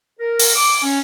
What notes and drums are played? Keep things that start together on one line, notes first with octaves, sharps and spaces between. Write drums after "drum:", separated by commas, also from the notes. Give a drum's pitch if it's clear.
A#4
drum: open hi-hat
D6
C#4